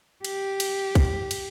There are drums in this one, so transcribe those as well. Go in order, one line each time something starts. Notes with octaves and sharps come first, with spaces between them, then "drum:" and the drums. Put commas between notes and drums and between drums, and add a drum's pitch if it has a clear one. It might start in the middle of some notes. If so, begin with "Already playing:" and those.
G4, drum: cymbal
drum: cymbal
drum: kick, cymbal
drum: cymbal